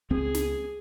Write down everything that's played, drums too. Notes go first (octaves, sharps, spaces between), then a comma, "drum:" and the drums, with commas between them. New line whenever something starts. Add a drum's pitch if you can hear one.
C#2 C4 G#4
drum: snare